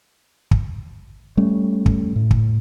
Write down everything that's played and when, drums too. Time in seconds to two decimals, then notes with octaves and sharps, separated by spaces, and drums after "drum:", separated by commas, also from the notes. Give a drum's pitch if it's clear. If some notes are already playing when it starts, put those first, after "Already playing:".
0.51 drum: kick
1.37 G3 A3 C#4
1.86 drum: kick
2.16 A2
2.31 drum: kick